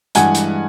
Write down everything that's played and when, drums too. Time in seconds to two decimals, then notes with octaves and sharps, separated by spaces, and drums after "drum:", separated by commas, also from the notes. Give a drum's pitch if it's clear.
0.15 G2 E3 G#3 F#5 G#5, drum: hi-hat
0.35 drum: hi-hat